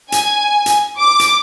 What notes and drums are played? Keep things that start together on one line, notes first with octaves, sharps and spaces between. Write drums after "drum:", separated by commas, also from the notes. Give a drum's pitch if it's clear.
G#5, drum: hi-hat
drum: hi-hat
D6
drum: hi-hat